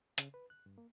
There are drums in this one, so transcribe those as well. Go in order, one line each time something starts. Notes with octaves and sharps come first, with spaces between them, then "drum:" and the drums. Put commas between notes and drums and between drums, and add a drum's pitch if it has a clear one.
C#3, drum: hi-hat
B4
F#6
G2
A#3